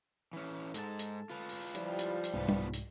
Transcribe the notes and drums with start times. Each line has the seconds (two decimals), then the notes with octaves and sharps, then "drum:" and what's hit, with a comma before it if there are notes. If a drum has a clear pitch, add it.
0.33 E3 C#4
0.74 G#2 G#3 A4 A5, drum: hi-hat
0.99 drum: hi-hat
1.30 F4 B4
1.49 drum: open hi-hat
1.75 F3 G3 E4, drum: hi-hat
1.99 drum: hi-hat
2.24 drum: hi-hat
2.34 C2 G#2 B3 F4 B4
2.48 drum: tom
2.73 drum: hi-hat